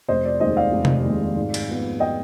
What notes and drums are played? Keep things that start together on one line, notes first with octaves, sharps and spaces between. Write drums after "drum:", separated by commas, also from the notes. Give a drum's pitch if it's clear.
F1 C5 D#5
D5
D#2 D#3 G#3 C5 D#5
D5 F5
F1
drum: tom C3
D#2 D#3 G#3
G#2
drum: cymbal
F3 B3
D#5 G5